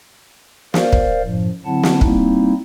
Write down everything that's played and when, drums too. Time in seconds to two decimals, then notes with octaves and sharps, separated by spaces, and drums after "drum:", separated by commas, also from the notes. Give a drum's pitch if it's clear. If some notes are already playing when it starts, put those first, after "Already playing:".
0.74 A#4 C5 D5 F5, drum: snare
0.93 drum: kick
1.23 F#2 A2 F3
1.65 D3 F#3 C4 E4 F#5 A5
1.83 drum: snare
2.01 G3 A#3 C4 D#4 E4, drum: kick